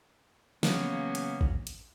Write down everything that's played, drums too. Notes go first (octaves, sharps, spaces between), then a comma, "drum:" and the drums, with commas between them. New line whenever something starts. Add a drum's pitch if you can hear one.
C#3 E3 F#3 A#3 B3 C#4, drum: snare
drum: hi-hat
drum: kick
drum: hi-hat